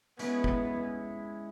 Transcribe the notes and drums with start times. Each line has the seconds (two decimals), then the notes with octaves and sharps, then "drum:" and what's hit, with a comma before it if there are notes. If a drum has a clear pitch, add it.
0.19 G#3 B3 C#4 E4, drum: hi-hat
0.44 drum: kick